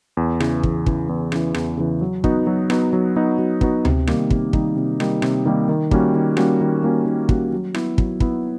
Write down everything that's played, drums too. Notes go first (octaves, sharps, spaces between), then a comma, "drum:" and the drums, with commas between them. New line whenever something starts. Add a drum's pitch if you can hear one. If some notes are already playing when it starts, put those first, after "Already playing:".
E2
C#3 E3, drum: rim click
E2, drum: kick
C#3 E3, drum: kick
E2
C#3 E3, drum: rim click
E2, drum: rim click
C#3 E3
F#3
B3 D#4 F#4, drum: kick
F#3
B3 D#4 F#4, drum: rim click
F#3
B3 D#4 F#4
F#3
B3 D#4 F#4, drum: kick
C3, drum: tom D2
D#3 G3 A#3 D#4, drum: rim click
C3, drum: kick
D#3 G3 A#3 D#4, drum: kick
C3
D#3 G3 A#3 D#4, drum: rim click
C3, drum: rim click
D#3 G3 A#3 D#4
D#3
G3 A#3 C#4 F#4, drum: kick
D#3
G3 A#3 C#4 F#4, drum: rim click
D#3
G3 A#3 C#4 F#4
D#3
G3 A#3 C#4 F#4, drum: kick
F#3
B3 E4, drum: rim click
F#3, drum: kick
B3 E4, drum: kick